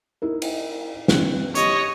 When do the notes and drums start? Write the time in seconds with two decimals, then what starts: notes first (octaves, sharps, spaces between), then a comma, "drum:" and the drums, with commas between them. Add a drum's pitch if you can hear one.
0.22 D#4 E4 A#4
0.42 drum: cymbal
1.08 C4 F#6, drum: snare
1.55 G4 C#5 D#5, drum: hi-hat